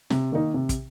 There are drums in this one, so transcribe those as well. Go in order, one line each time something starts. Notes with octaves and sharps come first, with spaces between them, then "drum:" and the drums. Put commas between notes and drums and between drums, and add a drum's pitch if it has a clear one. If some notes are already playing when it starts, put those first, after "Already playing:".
C3, drum: snare
D#3 A#3 D#4
C3
drum: kick, hi-hat